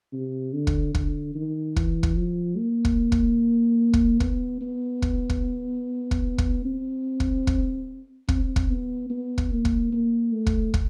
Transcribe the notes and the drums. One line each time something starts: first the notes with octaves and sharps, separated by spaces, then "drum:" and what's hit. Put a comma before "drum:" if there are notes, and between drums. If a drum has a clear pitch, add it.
C3
D3
drum: kick
D3, drum: kick
D#3
E3, drum: kick
drum: kick
F3
A#3
drum: kick
drum: kick
drum: kick
B3, drum: kick
B3
drum: kick
drum: kick
drum: kick
drum: kick
C4
drum: kick
drum: kick
C4, drum: kick
drum: kick
B3
B3
drum: kick
A#3
drum: kick
A#3
A3
drum: kick
drum: kick